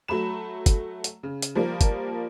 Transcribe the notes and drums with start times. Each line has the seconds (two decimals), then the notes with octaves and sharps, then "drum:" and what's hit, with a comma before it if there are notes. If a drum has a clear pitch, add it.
0.08 F#3 A3 B5 E7
0.66 drum: kick, hi-hat
1.04 drum: hi-hat
1.23 C#3
1.42 drum: hi-hat
1.55 F3 G3 A#3
1.81 drum: kick, hi-hat